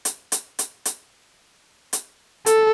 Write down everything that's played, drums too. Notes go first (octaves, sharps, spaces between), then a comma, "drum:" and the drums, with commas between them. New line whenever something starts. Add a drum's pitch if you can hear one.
drum: hi-hat
drum: hi-hat
drum: hi-hat
drum: hi-hat
drum: hi-hat
A4, drum: hi-hat